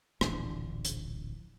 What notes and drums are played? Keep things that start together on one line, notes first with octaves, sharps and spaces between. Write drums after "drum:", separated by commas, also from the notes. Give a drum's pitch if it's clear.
D1 A#1 E3 D4, drum: rim click
drum: hi-hat